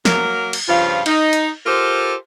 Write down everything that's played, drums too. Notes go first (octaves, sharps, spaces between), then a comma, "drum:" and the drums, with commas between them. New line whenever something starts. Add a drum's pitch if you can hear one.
F#3 A#3 A#4, drum: snare
drum: cymbal
G2 C#3 F3 F4 F5
D#4, drum: cymbal
drum: hi-hat
F4 G4 A4 A#4 C5